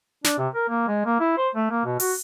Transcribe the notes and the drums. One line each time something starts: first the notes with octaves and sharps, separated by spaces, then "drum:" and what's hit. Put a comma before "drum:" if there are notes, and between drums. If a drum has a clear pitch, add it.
D4, drum: snare
C3
A#4
A#3
G#3
A#3
E4
C5
A3
A#3
B2
F#4, drum: open hi-hat